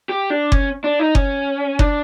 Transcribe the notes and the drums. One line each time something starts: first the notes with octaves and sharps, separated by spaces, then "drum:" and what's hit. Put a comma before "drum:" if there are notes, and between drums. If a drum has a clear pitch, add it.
G4
D4
C#4, drum: kick F#1
D4
D#4
C#4, drum: kick F#1
D4, drum: kick F#1